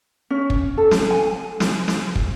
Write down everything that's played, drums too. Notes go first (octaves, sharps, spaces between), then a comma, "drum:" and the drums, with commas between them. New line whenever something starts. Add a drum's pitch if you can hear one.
C#4
drum: kick
A4
drum: snare
G#5
drum: snare
drum: snare
drum: kick